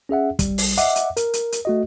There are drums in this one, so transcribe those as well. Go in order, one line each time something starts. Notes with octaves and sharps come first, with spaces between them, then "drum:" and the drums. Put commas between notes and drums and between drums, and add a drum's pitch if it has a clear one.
C#4 G#4 E5 F#5
A#1 G3, drum: kick, hi-hat
drum: open hi-hat
D#5 E5 F#5 D6, drum: hi-hat
drum: hi-hat
A#4, drum: hi-hat
drum: hi-hat
drum: hi-hat
A3 F#4 D#5